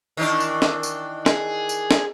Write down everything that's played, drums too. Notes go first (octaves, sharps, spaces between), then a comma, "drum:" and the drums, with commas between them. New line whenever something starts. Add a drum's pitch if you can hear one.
D#3 E3 D4
drum: tambourine
drum: snare
drum: tambourine
G#4, drum: snare
drum: tambourine
drum: snare